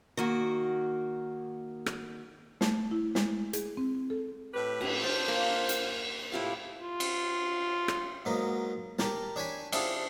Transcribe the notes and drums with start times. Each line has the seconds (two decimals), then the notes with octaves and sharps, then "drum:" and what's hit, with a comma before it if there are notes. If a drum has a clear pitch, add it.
0.17 D#3 A#3 F#4
1.86 drum: rim click
2.61 A3, drum: snare
2.91 E4
3.15 G#3, drum: snare
3.53 G#4, drum: hi-hat
3.77 C4
4.10 A4
4.54 A2 G4 B4
4.81 F#5, drum: cymbal
5.04 D4 F4 C5
5.28 A#3 G5 C6
5.69 drum: hi-hat
6.32 A2 C3 E4 F4 G4 F5
6.81 F4
7.00 drum: cymbal
7.88 drum: rim click
8.25 G#2 F#3 A#3 B3
8.99 G4 A#4 A5, drum: snare
9.36 D4 C#5 G5 G#5 B5
9.72 C4 D4 E4 F4 G#4 A5, drum: cymbal